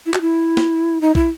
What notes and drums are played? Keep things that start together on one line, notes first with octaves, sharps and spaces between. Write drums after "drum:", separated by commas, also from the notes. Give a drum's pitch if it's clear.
E4
F#4, drum: clap
E4
drum: snare
D#4
E4, drum: kick